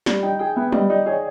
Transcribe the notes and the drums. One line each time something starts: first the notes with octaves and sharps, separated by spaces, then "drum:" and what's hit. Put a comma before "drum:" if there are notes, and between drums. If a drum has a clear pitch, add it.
G3, drum: snare
D#4 G5
G#4 G5
B3 E5
G3 D#5, drum: tom F#3
D#4 D5
G#4 C#5